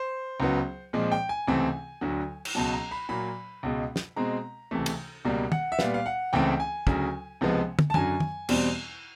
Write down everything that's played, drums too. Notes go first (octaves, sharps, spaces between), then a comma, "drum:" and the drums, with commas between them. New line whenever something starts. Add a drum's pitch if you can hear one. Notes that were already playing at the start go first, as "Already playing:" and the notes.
Already playing: C5
C#2 C#3 F#3 B3
A#2 F3 G#3 C4
G5
G#5
C#2 C3 E3 A3 C4
D2 D3 F#3
drum: cymbal
C#2 B2 F#3 A5
A#5
B5
A#2 F#3 A#3 B5
C#2 B2 G#3
drum: snare
B2 G#3 C4 A#5
C#2 C3 E3 A3
drum: cymbal
C#2 B2 G3 A#3
F#5, drum: tom
E5
A#2 G3 B3 F5, drum: snare
F5
F#5
C#2 C#3 E3 A3 C4 G5
G#5
D2 C#3 F#3, drum: kick
C#2 C3 F3 G#3 B3
drum: tom
A5
F#2 D3 F#3 G#5, drum: tom
drum: tom
E2 B2 G3 C4, drum: cymbal